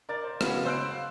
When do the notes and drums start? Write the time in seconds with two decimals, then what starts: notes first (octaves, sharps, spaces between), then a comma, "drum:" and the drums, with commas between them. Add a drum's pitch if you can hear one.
0.09 A#4 D5 A6
0.24 C5
0.41 C#3 F#3 B3 C#4, drum: rim click
0.65 C5 E6 F#6 D7
0.91 F5